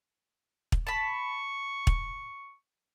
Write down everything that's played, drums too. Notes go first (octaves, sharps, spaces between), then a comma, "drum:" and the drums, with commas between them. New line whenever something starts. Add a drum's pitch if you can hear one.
drum: kick
A5 B5 C#6
drum: kick